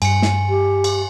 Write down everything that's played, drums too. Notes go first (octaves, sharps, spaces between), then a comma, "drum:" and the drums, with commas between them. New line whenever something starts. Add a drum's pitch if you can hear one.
G2 G#5 C#7, drum: cymbal
drum: snare
G4
drum: cymbal